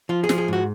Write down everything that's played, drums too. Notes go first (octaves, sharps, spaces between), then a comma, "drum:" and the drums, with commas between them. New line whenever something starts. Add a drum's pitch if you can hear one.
F3 F4
G#4
F3, drum: snare
G#4
G#2 F#4